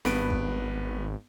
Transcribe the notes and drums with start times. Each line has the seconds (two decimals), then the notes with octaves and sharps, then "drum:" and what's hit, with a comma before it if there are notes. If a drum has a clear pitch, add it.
0.05 G#1 G2 B3 D7, drum: snare C4
0.30 drum: kick